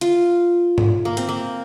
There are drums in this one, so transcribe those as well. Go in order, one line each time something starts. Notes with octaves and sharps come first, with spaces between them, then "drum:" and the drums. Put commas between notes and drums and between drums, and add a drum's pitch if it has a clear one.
F4, drum: hi-hat
drum: tom G#2
A#3
C4, drum: hi-hat
A#3